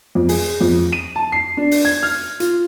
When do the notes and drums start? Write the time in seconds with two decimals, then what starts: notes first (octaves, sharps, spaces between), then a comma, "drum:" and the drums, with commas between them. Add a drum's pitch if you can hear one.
0.15 F2
0.29 G#4, drum: open hi-hat
0.61 F2
0.92 D#7
1.16 A5
1.32 C7
1.57 D4
1.71 drum: open hi-hat
1.85 G#6
2.03 F6
2.40 F4, drum: hi-hat